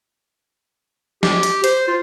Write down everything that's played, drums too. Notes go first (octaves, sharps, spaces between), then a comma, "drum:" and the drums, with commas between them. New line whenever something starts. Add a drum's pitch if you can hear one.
G4, drum: snare
drum: hi-hat
C5, drum: hi-hat
F4